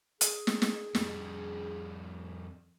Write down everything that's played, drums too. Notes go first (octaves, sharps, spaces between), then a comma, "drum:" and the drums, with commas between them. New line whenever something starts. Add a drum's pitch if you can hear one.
G#4, drum: hi-hat
drum: snare
drum: snare
F2 G3, drum: snare